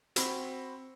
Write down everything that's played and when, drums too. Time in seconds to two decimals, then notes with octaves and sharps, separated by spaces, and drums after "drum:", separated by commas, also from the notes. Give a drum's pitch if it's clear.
0.16 C4 F#4 B5, drum: hi-hat